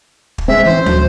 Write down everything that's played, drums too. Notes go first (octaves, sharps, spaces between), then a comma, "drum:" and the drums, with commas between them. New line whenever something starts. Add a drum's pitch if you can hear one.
drum: kick
D1 G#3 C4 E5
E3 C4 C#4 C5
D2 F#3, drum: tom